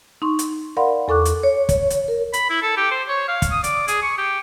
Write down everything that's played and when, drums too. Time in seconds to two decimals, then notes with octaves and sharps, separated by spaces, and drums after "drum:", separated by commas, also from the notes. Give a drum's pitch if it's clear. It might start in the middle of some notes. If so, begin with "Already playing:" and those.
0.22 D#4 C6 C#6
0.39 drum: hi-hat
0.77 A#4 D5 F5 F#5 B5 C6
1.08 E2 A4 C#6 D6 F#6
1.25 drum: hi-hat
1.43 C#5
1.69 drum: kick, hi-hat
1.90 drum: hi-hat
2.08 A#4
2.33 B5, drum: hi-hat
2.50 E4
2.63 A4
2.77 G4
2.91 C5
3.09 C#5
3.28 F5
3.42 drum: kick, hi-hat
3.51 D#6
3.64 D5, drum: hi-hat
3.88 G#4, drum: hi-hat
4.02 C#6
4.18 G4